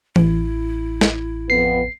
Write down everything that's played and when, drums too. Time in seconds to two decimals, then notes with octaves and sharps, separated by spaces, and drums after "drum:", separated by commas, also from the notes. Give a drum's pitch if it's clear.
0.16 A1 E4, drum: tom E3
1.01 drum: snare
1.50 F2 B3 C7